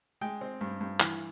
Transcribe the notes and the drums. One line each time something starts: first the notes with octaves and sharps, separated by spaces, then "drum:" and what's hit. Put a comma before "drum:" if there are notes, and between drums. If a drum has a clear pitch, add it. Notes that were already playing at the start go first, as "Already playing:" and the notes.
G#3 G5
C4
G2
G2
E3, drum: clap